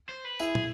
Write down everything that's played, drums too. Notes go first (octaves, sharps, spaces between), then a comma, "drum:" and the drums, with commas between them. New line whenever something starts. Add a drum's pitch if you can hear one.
C5
B4
E4 G#4, drum: tambourine
drum: tom